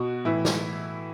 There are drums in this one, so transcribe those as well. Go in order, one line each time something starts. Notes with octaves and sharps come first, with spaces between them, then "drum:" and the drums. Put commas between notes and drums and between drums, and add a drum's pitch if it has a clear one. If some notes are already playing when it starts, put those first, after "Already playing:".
Already playing: B2 F#4
A2 E3 E4
drum: snare